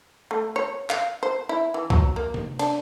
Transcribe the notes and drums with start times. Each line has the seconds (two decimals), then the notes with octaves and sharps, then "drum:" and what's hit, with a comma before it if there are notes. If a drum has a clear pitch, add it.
0.31 A3
0.56 C#5
0.90 F5, drum: clap
1.23 C5
1.49 E4
1.74 E3
1.90 F#3, drum: kick C2
2.16 A#3
2.34 drum: tom C3
2.59 D4, drum: cymbal